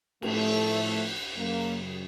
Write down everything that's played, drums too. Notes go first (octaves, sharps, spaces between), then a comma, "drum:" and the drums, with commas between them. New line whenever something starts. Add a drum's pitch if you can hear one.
A2 F3 A3, drum: cymbal
F#2 C#3 F#3 A#3